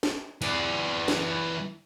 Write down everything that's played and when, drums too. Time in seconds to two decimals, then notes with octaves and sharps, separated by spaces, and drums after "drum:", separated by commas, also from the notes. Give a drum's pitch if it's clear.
0.03 drum: snare
0.42 E3 D5, drum: hi-hat
1.08 drum: snare